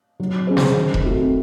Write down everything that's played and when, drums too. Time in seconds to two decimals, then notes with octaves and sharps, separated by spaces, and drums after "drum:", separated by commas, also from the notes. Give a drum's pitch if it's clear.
0.20 F#3
0.47 C#4 G#4 C5
0.57 drum: snare
0.75 D#3
0.94 drum: kick E1
1.03 A3 C4 F#4